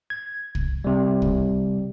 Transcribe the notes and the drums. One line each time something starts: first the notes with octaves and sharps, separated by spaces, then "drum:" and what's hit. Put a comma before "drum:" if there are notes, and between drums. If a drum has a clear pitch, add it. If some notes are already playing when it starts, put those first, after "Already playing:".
G#6
drum: kick
C3 G3
drum: kick